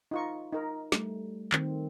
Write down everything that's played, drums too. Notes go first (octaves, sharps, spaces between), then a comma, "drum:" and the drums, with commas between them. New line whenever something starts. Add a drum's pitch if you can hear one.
D#4 F4 C#6
D#4 A#4
G3 A3, drum: snare
D#3 C4, drum: clap